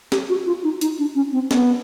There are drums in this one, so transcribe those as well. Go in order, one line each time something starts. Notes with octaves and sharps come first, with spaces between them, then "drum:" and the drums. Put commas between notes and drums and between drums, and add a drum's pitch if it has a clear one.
G4, drum: snare
F#4
F4
D#4
D#4, drum: hi-hat
D4
C#4
C4
B3, drum: snare